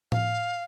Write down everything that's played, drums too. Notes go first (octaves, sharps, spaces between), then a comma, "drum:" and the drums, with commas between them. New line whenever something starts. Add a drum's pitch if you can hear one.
F5, drum: tom A2